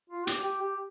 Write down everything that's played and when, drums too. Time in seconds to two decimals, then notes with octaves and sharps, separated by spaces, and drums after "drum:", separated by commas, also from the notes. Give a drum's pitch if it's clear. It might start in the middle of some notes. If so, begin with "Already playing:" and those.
0.10 F4
0.27 G4, drum: hi-hat
0.44 G4
0.61 G4